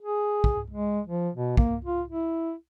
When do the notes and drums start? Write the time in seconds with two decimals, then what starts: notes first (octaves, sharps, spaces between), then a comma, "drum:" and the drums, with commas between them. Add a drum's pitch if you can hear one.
0.01 G#4
0.44 drum: kick
0.71 G#3
1.07 F3
1.35 B2
1.57 A#3, drum: kick
1.85 F4
2.08 E4